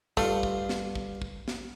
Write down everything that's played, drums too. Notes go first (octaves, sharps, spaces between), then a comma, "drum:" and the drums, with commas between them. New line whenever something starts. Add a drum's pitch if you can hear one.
G2 A3 F4 C6, drum: kick
drum: kick
drum: snare
drum: kick
drum: kick
drum: snare